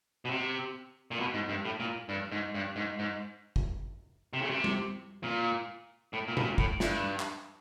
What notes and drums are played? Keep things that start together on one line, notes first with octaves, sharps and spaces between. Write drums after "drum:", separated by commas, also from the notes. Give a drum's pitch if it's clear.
B2
C3
A#2
B2
G#2
G2
A2
A#2
G2
G#2
G2
G#2
G#2
drum: kick
C3
C#3
C3
drum: tom G3
A#2
A2
A#2
B2, drum: tom A#2
A#2
A2, drum: kick
G2, drum: snare
drum: clap